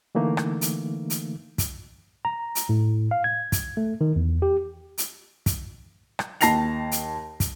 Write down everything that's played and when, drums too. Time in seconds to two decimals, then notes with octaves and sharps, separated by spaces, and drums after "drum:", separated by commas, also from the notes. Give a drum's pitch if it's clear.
0.15 D3 E3 A3 A#3 D#4
0.37 drum: rim click
0.61 drum: hi-hat
1.10 drum: hi-hat
1.58 drum: kick, hi-hat
2.25 A#5
2.55 drum: hi-hat
2.69 A2
3.11 F5
3.24 G#6
3.52 drum: kick, hi-hat
3.77 A3
4.01 D#3
4.16 E2
4.42 G4
4.98 drum: hi-hat
5.46 drum: kick, hi-hat
6.19 drum: rim click
6.41 D#2 A5 A#6 C7 F7, drum: hi-hat
6.92 drum: hi-hat
7.40 drum: kick, hi-hat